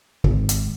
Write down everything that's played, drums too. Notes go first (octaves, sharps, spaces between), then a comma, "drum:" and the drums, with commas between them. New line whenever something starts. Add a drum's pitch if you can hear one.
G#1, drum: kick
drum: hi-hat